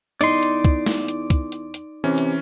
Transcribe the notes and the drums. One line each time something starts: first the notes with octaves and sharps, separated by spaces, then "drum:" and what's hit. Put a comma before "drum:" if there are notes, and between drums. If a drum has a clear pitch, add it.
E2 D#4 D5 C6, drum: hi-hat
drum: hi-hat
drum: kick, hi-hat
drum: snare
drum: hi-hat
drum: kick, hi-hat
drum: hi-hat
drum: hi-hat
C3 E3 C#4
drum: hi-hat